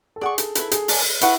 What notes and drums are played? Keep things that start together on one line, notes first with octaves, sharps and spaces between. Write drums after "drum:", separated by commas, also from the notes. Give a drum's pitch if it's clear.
A4
G#4 D5 F#5 C#6
A4, drum: hi-hat
E4 A4 B4 E5 B5, drum: hi-hat
G#4, drum: hi-hat
A4 D5 G#5, drum: open hi-hat
E4 B4 F#5 C#6, drum: hi-hat